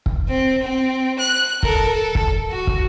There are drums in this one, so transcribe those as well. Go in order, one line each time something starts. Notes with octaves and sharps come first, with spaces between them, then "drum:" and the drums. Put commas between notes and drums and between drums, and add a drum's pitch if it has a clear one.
drum: kick
C4
C4
F#6
A4 A#4, drum: kick
A4
drum: kick
F#4
drum: kick